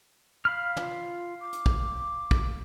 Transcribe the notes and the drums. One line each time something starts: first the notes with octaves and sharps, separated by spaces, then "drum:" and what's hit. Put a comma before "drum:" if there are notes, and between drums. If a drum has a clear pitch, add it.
F5 B5 F6
F4, drum: tom
D6
drum: hi-hat
drum: kick
drum: kick